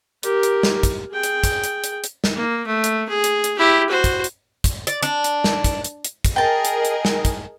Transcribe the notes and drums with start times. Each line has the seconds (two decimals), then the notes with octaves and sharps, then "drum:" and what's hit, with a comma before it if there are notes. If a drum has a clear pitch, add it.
0.23 G4 A#4, drum: hi-hat
0.43 drum: hi-hat
0.63 drum: snare
0.83 drum: kick, hi-hat
1.12 G#4 G5
1.23 drum: hi-hat
1.44 drum: kick, hi-hat
1.64 drum: hi-hat
1.84 drum: hi-hat
2.04 drum: hi-hat
2.24 drum: snare
2.35 A#3
2.67 A3
2.84 drum: hi-hat
3.09 G#4
3.24 drum: hi-hat
3.44 drum: hi-hat
3.58 E4 G4
3.90 F#4 C5
4.04 drum: kick, hi-hat
4.24 drum: hi-hat
4.64 drum: kick, hi-hat
4.87 D5, drum: hi-hat
5.03 D4, drum: hi-hat
5.24 drum: hi-hat
5.44 drum: snare
5.64 drum: kick, hi-hat
5.84 drum: hi-hat
6.05 drum: hi-hat
6.25 drum: kick, hi-hat
6.36 G#4 A#4 D#5 G5 A5
6.65 drum: hi-hat
6.85 drum: hi-hat
7.05 drum: snare
7.25 drum: kick, hi-hat